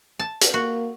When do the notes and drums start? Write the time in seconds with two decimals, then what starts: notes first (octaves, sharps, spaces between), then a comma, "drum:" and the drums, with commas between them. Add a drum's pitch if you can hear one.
0.19 A5
0.41 drum: hi-hat
0.54 A#3 F#4